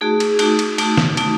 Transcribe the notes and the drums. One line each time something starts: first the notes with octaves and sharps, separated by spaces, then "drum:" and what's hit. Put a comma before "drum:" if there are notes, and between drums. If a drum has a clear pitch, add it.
A3 D#4 F#4 G#4
drum: cymbal
A3 D#4 F#4, drum: cymbal
drum: cymbal
A3 D#4 F#4, drum: cymbal
drum: snare
A3 D#4 F#4, drum: cymbal